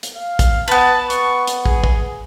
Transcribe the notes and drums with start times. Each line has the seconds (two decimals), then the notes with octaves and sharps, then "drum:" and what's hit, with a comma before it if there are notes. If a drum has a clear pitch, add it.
0.03 drum: hi-hat
0.16 F5
0.39 drum: kick, hi-hat
0.68 B3 B4 A5
1.10 C#6, drum: hi-hat
1.47 drum: hi-hat
1.66 G#4, drum: kick
1.84 drum: kick